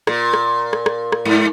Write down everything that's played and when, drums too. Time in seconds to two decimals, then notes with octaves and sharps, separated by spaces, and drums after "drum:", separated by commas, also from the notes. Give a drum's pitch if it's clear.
0.07 A#2, drum: rim click
0.33 drum: rim click
0.73 drum: rim click
0.86 drum: rim click
1.12 drum: rim click
1.25 G#2